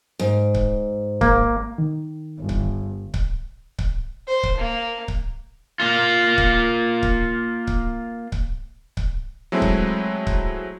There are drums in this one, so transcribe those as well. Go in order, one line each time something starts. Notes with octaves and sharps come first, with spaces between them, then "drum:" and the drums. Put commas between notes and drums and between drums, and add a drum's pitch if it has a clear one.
G#2
drum: kick C#1
G#1 A#3, drum: kick C#1
D#3
G1
drum: kick C#1
drum: kick C#1
drum: kick C#1
C5
drum: kick C#1
A#3
drum: kick C#1
A#3 F4
drum: kick C#1
drum: kick C#1
drum: kick C#1
drum: kick C#1
drum: kick C#1
F#3 G#3 A3 C4 E4
drum: kick C#1
drum: kick C#1